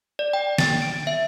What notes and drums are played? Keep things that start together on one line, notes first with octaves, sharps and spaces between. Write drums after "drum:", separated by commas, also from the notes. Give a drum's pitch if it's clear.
D5
G5
A6, drum: snare
D7
E5